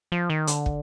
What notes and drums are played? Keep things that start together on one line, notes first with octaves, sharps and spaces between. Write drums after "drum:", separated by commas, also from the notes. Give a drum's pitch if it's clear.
F3
D#3
D3, drum: hi-hat
drum: kick